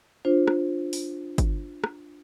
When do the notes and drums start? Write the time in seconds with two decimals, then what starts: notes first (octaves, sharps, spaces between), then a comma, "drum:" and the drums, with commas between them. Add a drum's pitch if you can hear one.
0.25 D4 F4 C5
0.47 drum: rim click
0.93 drum: open hi-hat
1.38 drum: kick G1, hi-hat
1.84 drum: rim click